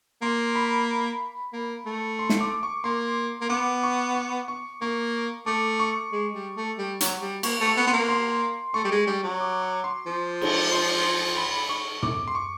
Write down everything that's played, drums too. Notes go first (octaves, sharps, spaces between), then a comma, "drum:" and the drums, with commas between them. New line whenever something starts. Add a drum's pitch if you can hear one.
A#3 C6
B5
A#3
A3
C6
drum: snare
D6
C#6
A#3 C6
A#3
B3 D6
C#6
C#6
C#6
A#3 C#6
A3 D6
C#6
G#3
G3
A3
G3
F#3, drum: hi-hat
G3
A#3 C#6, drum: cymbal
A3
C#6
B3
B3 C6
A#3
C6
A3 C#6
G3
G#3
G3
F#3
D6
C#6
C6
F3
drum: cymbal
C6
B5
C#6
D6, drum: tom
C6
C#6